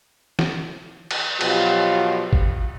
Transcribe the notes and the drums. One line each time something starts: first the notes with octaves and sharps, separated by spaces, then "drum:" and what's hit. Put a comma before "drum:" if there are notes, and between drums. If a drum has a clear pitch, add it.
drum: snare
drum: cymbal
B2 F3 F#3 F4 G4, drum: cymbal
drum: kick G1